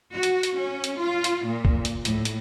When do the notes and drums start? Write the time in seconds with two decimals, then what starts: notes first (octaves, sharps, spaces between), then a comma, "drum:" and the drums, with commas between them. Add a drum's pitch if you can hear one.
0.13 F#4
0.23 drum: hi-hat
0.43 drum: hi-hat
0.58 C#4
0.84 drum: hi-hat
1.00 F4
1.24 drum: hi-hat
1.46 A#2
1.65 drum: kick
1.85 drum: hi-hat
2.05 A2, drum: hi-hat
2.25 drum: hi-hat